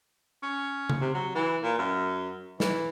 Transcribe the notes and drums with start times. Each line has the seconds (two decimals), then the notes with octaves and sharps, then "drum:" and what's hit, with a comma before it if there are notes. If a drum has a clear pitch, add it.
0.43 C#4
0.90 drum: tom C#3
1.01 C3
1.15 F#3
1.35 E3
1.63 A#2
1.79 F#2
2.60 E3, drum: snare